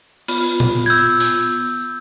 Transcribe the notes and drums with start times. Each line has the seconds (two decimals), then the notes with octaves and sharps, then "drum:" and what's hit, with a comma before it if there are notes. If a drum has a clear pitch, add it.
0.28 B3 F4, drum: cymbal
0.60 drum: tom A#2
0.86 E6 G6 G#6
1.20 drum: open hi-hat